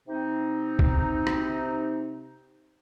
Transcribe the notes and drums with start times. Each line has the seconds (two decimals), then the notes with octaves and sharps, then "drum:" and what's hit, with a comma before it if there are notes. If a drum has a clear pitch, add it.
0.08 C3 C4 D#4
0.79 drum: kick B1
1.27 drum: rim click